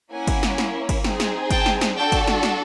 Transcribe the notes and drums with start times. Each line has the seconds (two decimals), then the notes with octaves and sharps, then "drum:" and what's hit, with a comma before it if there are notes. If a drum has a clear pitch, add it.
0.12 A#3 C#4 E4 F#5 G#5
0.27 drum: kick G1, cymbal
0.43 drum: snare
0.58 drum: snare
0.89 drum: kick G1, cymbal
1.04 C4 D#4 G#4, drum: snare
1.20 drum: snare
1.50 G5 A5, drum: kick G1, cymbal
1.66 drum: snare
1.81 drum: snare
1.96 D4 F#4 A4 G5 A5
2.12 drum: kick G1, cymbal
2.28 drum: snare
2.43 drum: snare